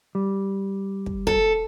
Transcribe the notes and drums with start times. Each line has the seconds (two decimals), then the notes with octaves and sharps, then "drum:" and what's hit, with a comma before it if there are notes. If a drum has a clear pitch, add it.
0.15 G3
1.06 drum: kick
1.27 A4, drum: kick